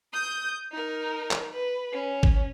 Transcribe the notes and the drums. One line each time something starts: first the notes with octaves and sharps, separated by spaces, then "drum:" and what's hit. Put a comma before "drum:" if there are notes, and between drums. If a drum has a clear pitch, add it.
D#6 G6
D#4 A#4
drum: clap
B4
C#4
drum: kick